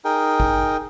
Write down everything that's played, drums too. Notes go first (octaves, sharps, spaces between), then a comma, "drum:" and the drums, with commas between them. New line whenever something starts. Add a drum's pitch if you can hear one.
D#4 G#4 A#4 G5
drum: kick